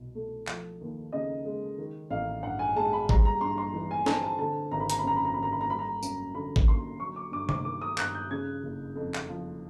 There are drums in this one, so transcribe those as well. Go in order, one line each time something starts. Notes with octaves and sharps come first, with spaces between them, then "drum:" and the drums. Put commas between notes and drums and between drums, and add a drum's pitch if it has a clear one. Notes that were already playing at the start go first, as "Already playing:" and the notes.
Already playing: C2 B2
A3
F3, drum: clap
D#2
C#3 D#5
G#3
D#3
A1 F5
G2 F#5
G#5
G#3 A5
B5
G3 A#5, drum: kick G#1
A#5
G2 C6
C6
E3
G#5
C4 A5, drum: snare
A5
D3 A5
G#1 A#5
B5
A#5, drum: hi-hat
B5
F#2 A#5
B5
A#5
G#1 B5
A#5
B5
A#5
G3 B5
A#5
F#2, drum: tambourine
D3 B5
drum: kick G#1
A#3 C6
F#3 C#6
D6
G2 D6
D6, drum: tom C3
D#3 D6
D#6
G2 F#6, drum: clap
G6
C#3 G#6
F#1
F2
drum: clap
F3